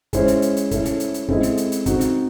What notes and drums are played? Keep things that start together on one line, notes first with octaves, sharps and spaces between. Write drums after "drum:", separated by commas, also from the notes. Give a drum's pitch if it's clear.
G#3 C#4 E4 C5, drum: kick, hi-hat
drum: hi-hat
drum: hi-hat
drum: hi-hat
A3 C#4 E4, drum: kick, hi-hat
drum: hi-hat
drum: hi-hat
drum: hi-hat
G#3 C4 E4 A4 D#5, drum: kick
drum: hi-hat
drum: hi-hat
drum: hi-hat
C4 D#4 F#4, drum: kick, hi-hat
drum: hi-hat